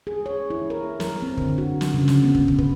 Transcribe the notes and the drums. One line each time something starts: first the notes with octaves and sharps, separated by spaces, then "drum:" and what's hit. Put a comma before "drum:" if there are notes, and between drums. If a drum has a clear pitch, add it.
G#4
C#5
E4
A#4
A#4, drum: snare
C4
D3, drum: kick
F#4
drum: snare
C#3
drum: snare
B3
drum: kick
drum: kick
B4, drum: kick